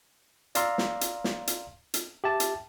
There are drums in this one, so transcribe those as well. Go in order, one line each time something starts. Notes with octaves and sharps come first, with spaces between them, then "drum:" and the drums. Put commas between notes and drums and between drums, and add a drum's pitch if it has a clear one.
D5 F5 A#5 C6 E6, drum: hi-hat
drum: snare
drum: hi-hat
drum: snare
drum: hi-hat
drum: hi-hat
G4 E5 A5
drum: hi-hat